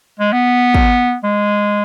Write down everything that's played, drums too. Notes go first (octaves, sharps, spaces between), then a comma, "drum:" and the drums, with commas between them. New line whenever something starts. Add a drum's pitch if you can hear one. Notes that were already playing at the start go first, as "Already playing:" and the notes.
G#3
B3
drum: kick
G#3